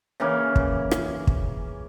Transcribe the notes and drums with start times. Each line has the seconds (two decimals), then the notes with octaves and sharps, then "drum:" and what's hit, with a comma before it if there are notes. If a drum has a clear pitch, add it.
0.20 C#3 E3 A#3 C#4
0.56 drum: kick
0.91 drum: rim click
1.27 drum: kick